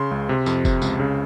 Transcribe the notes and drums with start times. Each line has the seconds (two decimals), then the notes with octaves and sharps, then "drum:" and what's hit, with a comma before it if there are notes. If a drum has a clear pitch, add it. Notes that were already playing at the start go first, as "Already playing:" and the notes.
Already playing: C#3 C6
0.11 C#2
0.29 C3
0.46 F2, drum: tambourine
0.65 C3, drum: kick, tambourine
0.82 C#2, drum: tambourine
1.00 C#3